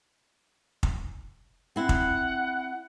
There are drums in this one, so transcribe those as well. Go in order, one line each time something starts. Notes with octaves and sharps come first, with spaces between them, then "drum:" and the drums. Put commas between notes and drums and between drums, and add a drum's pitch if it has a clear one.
drum: kick
C4 E4 F#5
drum: kick